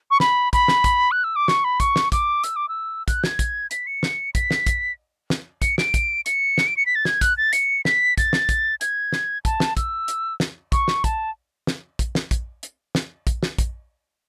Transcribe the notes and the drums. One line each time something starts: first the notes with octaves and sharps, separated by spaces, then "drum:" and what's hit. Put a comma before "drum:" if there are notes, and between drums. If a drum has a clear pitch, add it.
C#6
B5, drum: snare
B5, drum: kick, hi-hat
drum: snare
drum: kick, hi-hat
F#6
E6
D6
C#6, drum: snare
B5
C#6, drum: kick, hi-hat
drum: snare
D6, drum: kick, hi-hat
E6, drum: hi-hat
D6
E6
F#6, drum: kick, hi-hat
G#6, drum: snare
drum: kick, hi-hat
B6, drum: hi-hat
C#7
drum: snare
B6, drum: kick, hi-hat
drum: snare
drum: kick, hi-hat
drum: snare
C#7, drum: kick, hi-hat
D7, drum: snare
drum: kick, hi-hat
C#7, drum: hi-hat
drum: snare
D7
C#7
B6
A6
G#6, drum: snare
F#6, drum: kick, hi-hat
A6
C#7, drum: hi-hat
B6, drum: snare
A6, drum: kick, hi-hat
drum: snare
drum: kick, hi-hat
G#6, drum: hi-hat
drum: snare
A5, drum: kick, hi-hat
drum: snare
E6, drum: kick, hi-hat
drum: hi-hat
drum: snare
C#6, drum: kick, hi-hat
drum: snare
A5, drum: kick, hi-hat
drum: snare
drum: kick, hi-hat
drum: snare
drum: kick, hi-hat
drum: hi-hat
drum: snare
drum: kick, hi-hat
drum: snare
drum: kick, hi-hat